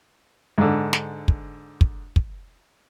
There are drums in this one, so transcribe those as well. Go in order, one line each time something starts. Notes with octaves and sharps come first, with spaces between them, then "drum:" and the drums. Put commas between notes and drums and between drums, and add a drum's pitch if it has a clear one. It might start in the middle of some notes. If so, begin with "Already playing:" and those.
G#2 D3
drum: snare
drum: kick
drum: kick
drum: kick